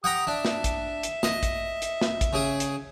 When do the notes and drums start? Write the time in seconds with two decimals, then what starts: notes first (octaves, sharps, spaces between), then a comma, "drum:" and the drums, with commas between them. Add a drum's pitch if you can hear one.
0.04 G4 F#5 G5 A#5 D#6
0.27 D4 E5
0.45 drum: snare
0.64 drum: kick, hi-hat
1.03 drum: hi-hat
1.23 D#5, drum: snare
1.43 drum: kick, hi-hat
1.82 drum: hi-hat
2.01 drum: snare
2.21 drum: kick, hi-hat
2.33 C#3 G#4
2.60 drum: hi-hat